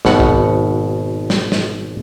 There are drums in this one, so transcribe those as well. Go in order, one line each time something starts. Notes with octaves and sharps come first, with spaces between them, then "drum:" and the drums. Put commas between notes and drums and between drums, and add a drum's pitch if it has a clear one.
G#1 B2 F#5, drum: snare
drum: kick
drum: snare
drum: snare